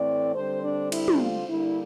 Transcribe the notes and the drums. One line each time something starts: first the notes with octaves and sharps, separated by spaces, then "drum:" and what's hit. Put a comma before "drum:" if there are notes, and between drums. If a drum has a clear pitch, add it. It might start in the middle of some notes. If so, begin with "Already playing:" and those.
Already playing: A2 E3 A3 C4 D5
D3 G3 C4 C5
D4
E4, drum: cymbal
drum: tom
F4
D3 G3 A#3 D4 E4